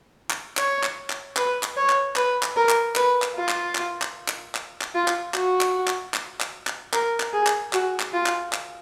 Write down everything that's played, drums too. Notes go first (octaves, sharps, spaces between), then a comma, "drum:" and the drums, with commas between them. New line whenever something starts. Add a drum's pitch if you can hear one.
drum: clap
C#5, drum: clap
drum: clap
drum: clap
B4, drum: clap
drum: clap
C#5
drum: clap
B4, drum: clap
drum: clap
A#4
drum: clap
B4, drum: clap
drum: clap
F4
drum: clap
drum: clap
drum: clap
drum: clap
drum: clap
drum: clap
F4
drum: clap
F#4, drum: clap
drum: clap
drum: clap
drum: clap
drum: clap
drum: clap
A#4, drum: clap
drum: clap
G#4
drum: clap
F#4, drum: clap
drum: clap
F4
drum: clap
drum: clap